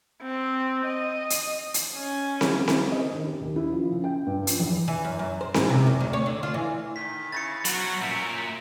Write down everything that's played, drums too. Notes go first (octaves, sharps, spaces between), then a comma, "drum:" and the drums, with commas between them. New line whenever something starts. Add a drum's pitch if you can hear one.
C4
D#5
drum: hi-hat
drum: hi-hat
C#4
drum: snare C4
drum: snare C4
D#5
D#3
G4
D#2
E4
F3
C#3
G5
G2
F3, drum: hi-hat
E2
E3
F#2
F#2
C5
G#2, drum: snare C4
C3
F#2
D2
C#5
D3
F4
E3
D#3 B6
C#3 E4 A6 A#6 C#7
B2 F#3 F#4, drum: hi-hat
F#2 A#2 E5 E6